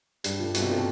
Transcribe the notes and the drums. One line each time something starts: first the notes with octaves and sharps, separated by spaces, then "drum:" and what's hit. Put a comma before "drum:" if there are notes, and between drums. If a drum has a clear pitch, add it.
G2 G3, drum: hi-hat
F3 A3
G2 B2, drum: hi-hat
C3
B2 F3 A3